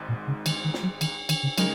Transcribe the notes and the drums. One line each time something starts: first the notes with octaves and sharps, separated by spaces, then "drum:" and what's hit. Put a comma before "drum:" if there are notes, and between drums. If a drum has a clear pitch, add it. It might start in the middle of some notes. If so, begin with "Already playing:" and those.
Already playing: G#1 G#2 G#3
A#2
C#3
D#3, drum: cymbal
D#3
drum: snare
F#3
D#3, drum: cymbal
D#3, drum: cymbal
C#3
C#3 F#3 G#3 D#4 A#4, drum: cymbal